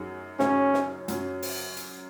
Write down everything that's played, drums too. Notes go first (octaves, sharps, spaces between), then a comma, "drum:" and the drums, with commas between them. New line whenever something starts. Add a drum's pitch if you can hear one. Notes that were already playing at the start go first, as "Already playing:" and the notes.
Already playing: F#2 F#3 D#4 G#4
F#2 F#3 C#4 D#4 G#4 C#5, drum: snare
drum: snare
F#2 F#3 C#4, drum: hi-hat
drum: open hi-hat
drum: hi-hat